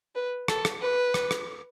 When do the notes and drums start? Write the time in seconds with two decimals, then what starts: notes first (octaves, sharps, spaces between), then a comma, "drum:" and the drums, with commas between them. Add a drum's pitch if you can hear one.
0.15 B4
0.48 A4, drum: rim click
0.65 drum: rim click
0.81 B4
1.14 drum: rim click
1.31 drum: rim click